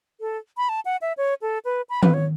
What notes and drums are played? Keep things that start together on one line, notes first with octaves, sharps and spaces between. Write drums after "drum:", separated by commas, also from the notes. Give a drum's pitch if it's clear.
A4
B5
A5
F#5
E5
C#5
A4
B4
B5
B4, drum: tom D#3
C#5